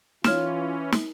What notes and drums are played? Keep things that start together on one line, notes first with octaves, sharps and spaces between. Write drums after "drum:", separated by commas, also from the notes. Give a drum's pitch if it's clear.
E3 C#4 F4 C#5 F6 E7, drum: snare
drum: snare